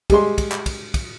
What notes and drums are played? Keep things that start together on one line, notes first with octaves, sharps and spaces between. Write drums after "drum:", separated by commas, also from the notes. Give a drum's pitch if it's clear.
G3 G#3 C6, drum: kick, cymbal
drum: kick, cymbal
drum: clap
drum: kick, cymbal
drum: kick, cymbal